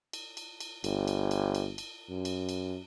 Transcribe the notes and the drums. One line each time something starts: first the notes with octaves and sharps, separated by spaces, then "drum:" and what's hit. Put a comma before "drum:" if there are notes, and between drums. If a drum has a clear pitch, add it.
drum: cymbal
drum: cymbal
drum: cymbal
G1, drum: cymbal
drum: cymbal
drum: cymbal
drum: cymbal
drum: cymbal
F#2
drum: cymbal
drum: cymbal